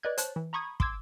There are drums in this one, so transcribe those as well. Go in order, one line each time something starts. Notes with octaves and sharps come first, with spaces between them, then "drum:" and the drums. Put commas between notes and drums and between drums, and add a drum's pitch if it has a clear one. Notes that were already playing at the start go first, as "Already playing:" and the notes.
B4 D5 D#5 F#6 G#6
C5 C#5 A5 F#6, drum: hi-hat
E3
A#5 B5 C#6 D#6 G#6
C6 D6 E6 G#6, drum: kick